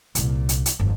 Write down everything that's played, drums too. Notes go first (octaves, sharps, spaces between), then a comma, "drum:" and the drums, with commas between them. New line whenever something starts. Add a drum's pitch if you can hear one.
C2 A#2, drum: hi-hat
drum: hi-hat
drum: hi-hat
G1 F2